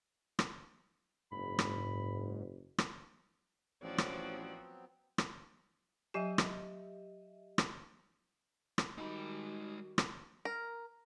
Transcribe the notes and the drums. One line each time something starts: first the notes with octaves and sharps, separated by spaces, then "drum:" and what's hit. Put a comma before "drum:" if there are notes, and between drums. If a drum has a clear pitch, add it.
drum: rim click
F#1 G#2 B5
drum: rim click
drum: rim click
A1 F3 F#3 B3 C4 F#4 C#5 D5
drum: rim click
drum: rim click
F#3 G4 D#5 E5 G#5
drum: rim click
drum: rim click
drum: rim click
D#3 G3 G#3 D#4 F#4 B5
drum: rim click
A#4